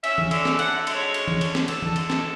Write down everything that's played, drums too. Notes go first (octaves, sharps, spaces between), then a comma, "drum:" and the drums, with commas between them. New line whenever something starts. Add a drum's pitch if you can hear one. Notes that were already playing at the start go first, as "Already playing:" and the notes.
C#4 E5, drum: cymbal
drum: tom E3
D3 E5, drum: cymbal
drum: snare
D3 F#5, drum: cymbal
E5
G#3, drum: cymbal
C#5
C#4, drum: cymbal
drum: tom E3
D3, drum: cymbal
drum: snare
D3 A4, drum: cymbal
drum: tom E3
G#3, drum: cymbal
drum: snare